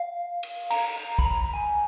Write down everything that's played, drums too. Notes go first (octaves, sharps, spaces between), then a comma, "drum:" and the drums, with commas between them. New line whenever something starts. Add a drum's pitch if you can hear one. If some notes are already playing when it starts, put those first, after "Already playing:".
Already playing: F5
drum: cymbal
A#5, drum: cymbal
A#5
B5, drum: kick
A#5
G#5